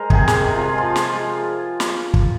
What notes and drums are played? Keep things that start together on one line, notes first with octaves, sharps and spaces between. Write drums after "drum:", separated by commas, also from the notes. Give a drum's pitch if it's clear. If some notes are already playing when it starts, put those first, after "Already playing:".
Already playing: G#3 A#4 C5
C3 G#4, drum: kick
G#3, drum: snare
G#4
C3
F4
G#3
F3 F4
G#3, drum: snare
G#3
drum: snare
drum: kick